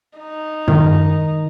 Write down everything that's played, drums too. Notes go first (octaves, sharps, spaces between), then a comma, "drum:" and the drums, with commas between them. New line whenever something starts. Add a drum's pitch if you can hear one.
D#4
D#3, drum: tom